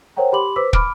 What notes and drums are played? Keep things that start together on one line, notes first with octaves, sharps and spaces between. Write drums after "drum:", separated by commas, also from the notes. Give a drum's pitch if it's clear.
A#4 C5 C#5 F#5 G5 A#5
G4 B5 C6 D6 F#7
B4 C5 D6 E6 B6
B5 D6 F6 D7, drum: kick